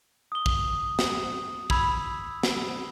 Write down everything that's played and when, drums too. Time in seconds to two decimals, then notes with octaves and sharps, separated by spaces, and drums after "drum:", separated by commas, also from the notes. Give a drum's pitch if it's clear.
0.32 D#6 G7
0.46 drum: kick
0.99 drum: snare
1.70 B5 E6 G#6 B6, drum: kick
2.43 drum: snare